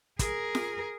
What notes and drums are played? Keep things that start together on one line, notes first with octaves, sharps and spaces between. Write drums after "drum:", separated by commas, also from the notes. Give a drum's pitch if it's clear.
G#4 A#4, drum: kick, hi-hat
drum: snare F4